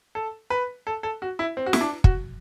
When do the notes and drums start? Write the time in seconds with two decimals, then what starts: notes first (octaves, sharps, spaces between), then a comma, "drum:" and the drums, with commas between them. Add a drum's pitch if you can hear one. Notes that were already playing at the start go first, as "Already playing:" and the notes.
0.15 A4
0.50 B4
0.87 A4
1.03 A4
1.22 F#4
1.39 E4
1.57 C4
1.66 F#4
1.73 E4, drum: snare
1.81 D4
2.04 F#4, drum: kick